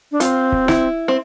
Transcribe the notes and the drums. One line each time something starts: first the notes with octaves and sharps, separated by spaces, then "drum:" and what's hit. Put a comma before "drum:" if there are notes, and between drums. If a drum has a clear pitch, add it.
D4
C4 F4, drum: hi-hat
drum: kick
E4, drum: snare
C4